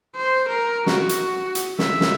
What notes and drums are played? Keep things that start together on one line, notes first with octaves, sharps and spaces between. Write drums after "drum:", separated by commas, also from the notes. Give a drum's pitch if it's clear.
C5
A#4
F#4, drum: snare
drum: hi-hat
drum: hi-hat
E5, drum: snare
drum: snare